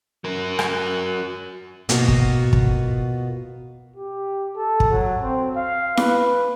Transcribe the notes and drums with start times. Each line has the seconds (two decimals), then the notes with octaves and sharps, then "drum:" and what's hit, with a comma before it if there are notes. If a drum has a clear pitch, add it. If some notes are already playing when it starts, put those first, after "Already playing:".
0.24 F#3 A#4
0.59 drum: rim click
1.89 B2 A#3 B3 F4 F#4, drum: hi-hat
2.08 drum: kick
2.53 drum: kick
3.96 G4
4.56 A4
4.80 drum: kick
4.91 F#3
5.22 C4
5.56 F5
5.97 B4, drum: snare E4